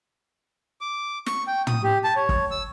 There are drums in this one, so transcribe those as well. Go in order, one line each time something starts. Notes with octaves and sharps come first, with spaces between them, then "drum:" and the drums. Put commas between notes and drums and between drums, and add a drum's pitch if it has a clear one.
D6
C#6, drum: snare
G5
D#6, drum: tom
G4
A5
C#5
drum: kick
E6